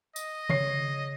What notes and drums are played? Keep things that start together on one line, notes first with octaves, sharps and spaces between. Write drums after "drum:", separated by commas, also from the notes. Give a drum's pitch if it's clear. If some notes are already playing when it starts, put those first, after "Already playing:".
D#5, drum: tambourine
C#3 C#5 C7, drum: tom D3